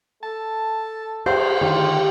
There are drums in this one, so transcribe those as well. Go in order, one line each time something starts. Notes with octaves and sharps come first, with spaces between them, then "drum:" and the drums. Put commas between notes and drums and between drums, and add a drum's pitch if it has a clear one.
A4 A5
G4 C5 E5, drum: cymbal
D3 D#3 F4 G4